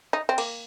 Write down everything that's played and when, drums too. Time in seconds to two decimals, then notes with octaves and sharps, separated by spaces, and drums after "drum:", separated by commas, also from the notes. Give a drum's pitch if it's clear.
0.13 D#4
0.29 C4
0.38 A#3, drum: cymbal